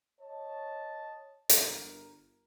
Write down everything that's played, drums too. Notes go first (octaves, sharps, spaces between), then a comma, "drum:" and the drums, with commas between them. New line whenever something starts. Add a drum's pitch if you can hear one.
C#5 D#5 A5
G1 A#4, drum: hi-hat